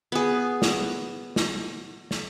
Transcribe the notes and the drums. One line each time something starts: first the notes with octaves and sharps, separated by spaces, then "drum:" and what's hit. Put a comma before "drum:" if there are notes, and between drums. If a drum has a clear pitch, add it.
B3 G#4
drum: snare
drum: snare
drum: snare